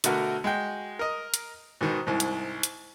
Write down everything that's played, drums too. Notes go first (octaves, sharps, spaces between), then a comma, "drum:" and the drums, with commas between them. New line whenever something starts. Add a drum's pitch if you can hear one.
B2 D3 A3 F#4 A#4, drum: hi-hat
G#3 F#4 G5
A#4 D#5
drum: hi-hat
G#2 B2 D#3
C2 G#2
drum: hi-hat
drum: hi-hat